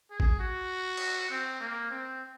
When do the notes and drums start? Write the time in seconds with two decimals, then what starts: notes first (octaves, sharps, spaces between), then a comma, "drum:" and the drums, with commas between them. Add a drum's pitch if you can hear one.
0.11 G#4
0.20 drum: kick G#1
0.39 F#4
0.97 drum: cymbal
1.30 C4
1.61 A#3
1.91 C4